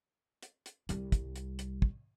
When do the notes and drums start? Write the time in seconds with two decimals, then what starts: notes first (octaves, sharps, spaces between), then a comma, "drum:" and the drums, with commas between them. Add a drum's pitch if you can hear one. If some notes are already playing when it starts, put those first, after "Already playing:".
0.43 drum: hi-hat
0.66 drum: hi-hat
0.89 C2 G3, drum: hi-hat
1.12 drum: kick, hi-hat
1.36 drum: hi-hat
1.59 drum: hi-hat
1.82 drum: kick